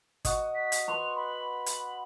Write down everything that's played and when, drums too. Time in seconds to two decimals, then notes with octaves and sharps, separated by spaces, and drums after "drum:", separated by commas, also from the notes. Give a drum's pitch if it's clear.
0.25 F#4 D#5, drum: kick, hi-hat
0.55 B6
0.72 drum: hi-hat
0.88 B4 C6 C#6 F7
1.16 B5
1.66 drum: hi-hat